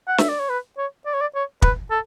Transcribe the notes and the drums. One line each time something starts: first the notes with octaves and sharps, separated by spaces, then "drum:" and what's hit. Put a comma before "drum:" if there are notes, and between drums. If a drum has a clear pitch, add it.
F#5
E5, drum: snare
D5
C#5
B4
C#5
D5
C#5
D5
C#5
B4, drum: kick
A4